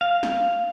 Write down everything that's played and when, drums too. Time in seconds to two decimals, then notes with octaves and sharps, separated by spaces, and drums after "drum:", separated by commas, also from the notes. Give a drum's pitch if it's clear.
0.01 F5
0.23 drum: snare